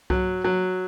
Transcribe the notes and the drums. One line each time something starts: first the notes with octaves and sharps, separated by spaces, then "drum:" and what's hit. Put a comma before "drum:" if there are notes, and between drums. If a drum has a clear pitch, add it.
F#3, drum: kick C2
F#3